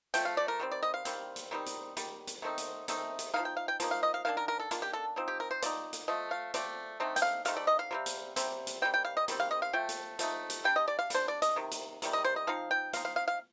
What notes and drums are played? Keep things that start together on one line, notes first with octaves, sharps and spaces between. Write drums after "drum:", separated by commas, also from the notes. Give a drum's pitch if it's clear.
F3 A3 G5, drum: hi-hat
F5
D5
A#4
D#3 G3 C4
D5
D#5
F5
D#3 G3 C4, drum: hi-hat
drum: hi-hat
D#3 G3 C4 D#4
drum: hi-hat
D#3 G3, drum: hi-hat
drum: hi-hat
D#3 A3 C4 D#4
drum: hi-hat
D#3 A3 C4 D#4, drum: hi-hat
drum: hi-hat
A#3 D#4 F5
F3
G5
F5
G5
F3 A#3 D#4, drum: hi-hat
F5
D#5
F5
D#3 A#3 D4 F5
A#4
A#4
A4
D#3 A#3 D4 F4, drum: hi-hat
G4
A4
F3 C4 D#4
G4
A#4
C5
F3 C4 D#4 D5, drum: hi-hat
drum: hi-hat
F3 A3 D#5
F5
F3 A3 C4 D5, drum: hi-hat
D3 A3 C4 D#4
G5, drum: hi-hat
F5
D3 A3 C4 D#4 F5, drum: hi-hat
D5
D#5
F5
C3 G3 C4
drum: hi-hat
C3 G3 C4, drum: hi-hat
drum: hi-hat
D#3 G3 C4 G5
G5
F5
D#5
D#3 G3 C4, drum: hi-hat
F5
D#5
F5
F3 A3 G5
drum: hi-hat
F3 A3 D#4, drum: hi-hat
drum: hi-hat
G3 D4 G5
D#5
D5
F5
G3 D4 C5, drum: hi-hat
D5
D#5, drum: hi-hat
C3 D#3
drum: hi-hat
C3 D#3 G3, drum: hi-hat
D#5
C5
D#5
F3 C4 D#4 F5
G5
F3 C4 D#4 F5, drum: hi-hat
F5
F5
F5